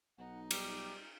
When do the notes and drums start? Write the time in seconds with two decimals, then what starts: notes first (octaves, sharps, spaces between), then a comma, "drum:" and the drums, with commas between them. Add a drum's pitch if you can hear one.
0.18 B1 D#4 F#5
0.51 G3 D6, drum: cymbal